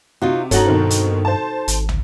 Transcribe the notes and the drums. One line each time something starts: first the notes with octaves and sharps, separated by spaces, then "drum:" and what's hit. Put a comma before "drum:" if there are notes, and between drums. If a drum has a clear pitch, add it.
C3 D#4 F4 F#4
G2 C#4 D#4 F#4 A4 F#7, drum: kick, hi-hat
B2 D#3 C4
drum: hi-hat
C5 A5
G#1, drum: hi-hat
drum: tom